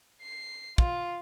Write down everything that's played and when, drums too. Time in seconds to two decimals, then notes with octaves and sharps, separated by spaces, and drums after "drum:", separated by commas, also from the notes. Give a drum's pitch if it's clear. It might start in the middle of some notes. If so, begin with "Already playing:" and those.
0.22 C7
0.78 F4, drum: kick